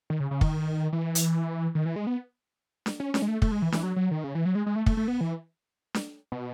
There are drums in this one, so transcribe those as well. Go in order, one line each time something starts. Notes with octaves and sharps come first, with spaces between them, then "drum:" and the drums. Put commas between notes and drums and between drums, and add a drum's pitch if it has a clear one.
D#3
C#3
C#3
D#3, drum: kick
E3
drum: hi-hat
D#3
E3
G#3
B3
drum: snare D4
C#4
C#4, drum: snare D4
G#3
A3
A3, drum: kick
G#3
E3
E3, drum: snare D4
F#3
F#3
D#3
C#3
E3
F#3
G#3
G#3
A3
A3, drum: kick
A3
B3
E3
drum: snare D4
B2